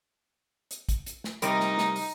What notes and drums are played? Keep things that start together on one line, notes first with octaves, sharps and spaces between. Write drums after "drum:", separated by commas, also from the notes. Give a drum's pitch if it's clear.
drum: hi-hat
drum: kick, hi-hat
drum: hi-hat
drum: snare
C3 G3 D#4 A#4 D#5, drum: hi-hat
drum: snare
drum: snare
drum: open hi-hat